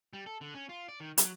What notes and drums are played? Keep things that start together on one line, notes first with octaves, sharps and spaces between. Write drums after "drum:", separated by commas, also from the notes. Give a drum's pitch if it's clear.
G3
A4
D3
C#4
F4
D5
D#3
F#3, drum: hi-hat